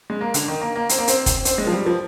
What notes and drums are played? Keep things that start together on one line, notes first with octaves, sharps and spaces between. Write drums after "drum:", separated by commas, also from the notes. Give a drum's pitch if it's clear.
G#3
A#3
D3, drum: hi-hat
D#3
A#3
A#3
C4, drum: hi-hat
A#3
C4, drum: hi-hat
drum: kick, hi-hat
C4, drum: hi-hat
G#3
F3
G3
F3